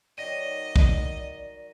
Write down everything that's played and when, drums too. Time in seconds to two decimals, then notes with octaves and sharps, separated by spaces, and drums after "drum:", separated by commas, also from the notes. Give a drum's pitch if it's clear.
0.18 D#3 F#3 D5 D#5 A#6 D#7
0.76 drum: kick